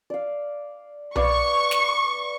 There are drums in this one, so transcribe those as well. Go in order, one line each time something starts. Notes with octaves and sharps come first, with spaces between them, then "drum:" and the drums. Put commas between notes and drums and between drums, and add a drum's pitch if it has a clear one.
D5 F5
B4 D5 F5 C#6, drum: tom B1
drum: snare